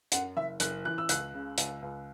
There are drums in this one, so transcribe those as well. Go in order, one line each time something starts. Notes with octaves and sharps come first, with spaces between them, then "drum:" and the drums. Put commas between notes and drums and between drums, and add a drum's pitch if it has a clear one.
F#2 F#5, drum: hi-hat
F#1 E5
F#1 F#6, drum: hi-hat
E3 F#6
E6
C#2 F#6, drum: hi-hat
C#3
C#2, drum: hi-hat
C#2